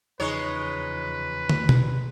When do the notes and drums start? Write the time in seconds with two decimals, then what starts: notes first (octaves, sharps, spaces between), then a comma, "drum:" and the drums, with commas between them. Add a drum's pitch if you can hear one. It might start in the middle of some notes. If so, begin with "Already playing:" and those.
0.20 E2 C#3 F3 G#3 D#4 B4 C#5
1.49 drum: tom
1.69 drum: tom